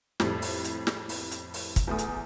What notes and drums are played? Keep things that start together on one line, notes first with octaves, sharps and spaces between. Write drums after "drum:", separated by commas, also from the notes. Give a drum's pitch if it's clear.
F2 A2 G3, drum: snare
drum: open hi-hat
drum: hi-hat
drum: snare
drum: open hi-hat
drum: hi-hat
drum: open hi-hat
drum: kick, hi-hat
E2 A3 D#6
drum: hi-hat